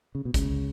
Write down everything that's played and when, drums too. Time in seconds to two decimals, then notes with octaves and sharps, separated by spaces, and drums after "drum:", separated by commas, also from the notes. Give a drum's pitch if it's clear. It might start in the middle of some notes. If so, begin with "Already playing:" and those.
0.15 C#3
0.25 B2
0.34 C#2 C#3, drum: kick G1, hi-hat